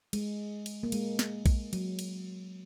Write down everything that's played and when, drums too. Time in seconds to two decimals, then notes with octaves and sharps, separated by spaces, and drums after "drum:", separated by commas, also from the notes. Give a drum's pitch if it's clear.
0.13 G#3, drum: cymbal
0.66 drum: cymbal
0.83 A#3
0.92 G#3, drum: cymbal
1.19 drum: snare
1.46 drum: kick A#1, cymbal
1.73 F#3, drum: cymbal
1.99 drum: cymbal